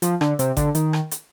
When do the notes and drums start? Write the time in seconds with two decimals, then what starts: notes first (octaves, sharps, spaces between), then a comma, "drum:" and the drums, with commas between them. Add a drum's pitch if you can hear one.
0.02 F3, drum: hi-hat
0.21 D3, drum: rim click
0.39 C3, drum: hi-hat
0.57 D3, drum: kick G#1, hi-hat
0.75 D#3, drum: hi-hat
0.93 drum: rim click
1.11 drum: hi-hat